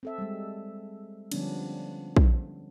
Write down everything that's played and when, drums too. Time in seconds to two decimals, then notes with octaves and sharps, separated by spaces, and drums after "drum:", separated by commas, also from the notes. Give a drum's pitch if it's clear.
0.03 C4 A4 E5
0.18 G3 G#3
1.32 D3 F3 G3 B3 C#4 D4, drum: cymbal
2.17 drum: kick